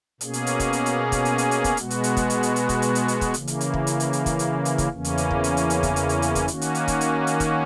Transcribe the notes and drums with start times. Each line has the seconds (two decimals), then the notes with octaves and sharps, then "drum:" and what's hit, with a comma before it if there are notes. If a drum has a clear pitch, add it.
0.21 B2 A#3 C#4 G#4, drum: hi-hat
0.33 drum: hi-hat
0.47 drum: hi-hat
0.60 drum: kick, hi-hat
0.73 drum: hi-hat
0.86 drum: hi-hat
1.12 drum: kick, hi-hat
1.25 drum: hi-hat
1.38 drum: hi-hat
1.51 drum: hi-hat
1.64 drum: kick, hi-hat
1.77 B2 G#3 B3 F#4, drum: hi-hat
1.90 drum: hi-hat
2.04 drum: hi-hat
2.17 drum: kick, hi-hat
2.30 drum: hi-hat
2.43 drum: hi-hat
2.56 drum: hi-hat
2.69 drum: kick, hi-hat
2.82 drum: hi-hat
2.95 drum: hi-hat
3.08 drum: hi-hat
3.21 drum: kick, hi-hat
3.34 C#3 E3 A#3, drum: hi-hat
3.47 drum: hi-hat
3.61 drum: hi-hat
3.74 drum: kick
3.87 drum: hi-hat
4.00 drum: hi-hat
4.13 drum: hi-hat
4.26 drum: kick, hi-hat
4.39 drum: hi-hat
4.65 drum: hi-hat
4.78 drum: kick, hi-hat
4.91 E2 C#3 E3 A#3 C#4
5.04 drum: hi-hat
5.18 drum: hi-hat
5.31 drum: kick
5.44 drum: hi-hat
5.57 drum: hi-hat
5.70 drum: hi-hat
5.83 drum: kick, hi-hat
5.96 drum: hi-hat
6.09 drum: hi-hat
6.22 drum: hi-hat
6.35 drum: kick, hi-hat
6.48 D#3 A#3 C#4 F#4, drum: hi-hat
6.61 drum: hi-hat
6.75 drum: hi-hat
6.88 drum: kick, hi-hat
7.01 drum: hi-hat
7.27 drum: hi-hat
7.40 drum: kick, hi-hat